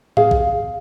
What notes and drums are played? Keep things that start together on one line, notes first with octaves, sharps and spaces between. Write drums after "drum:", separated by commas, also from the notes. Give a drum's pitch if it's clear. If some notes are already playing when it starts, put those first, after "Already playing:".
G#4 F5, drum: tom A2
drum: kick A#1